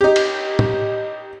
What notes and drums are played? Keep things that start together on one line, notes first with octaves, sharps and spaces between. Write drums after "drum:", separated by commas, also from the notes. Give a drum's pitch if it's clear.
D#4 G4
drum: cymbal
drum: tom A2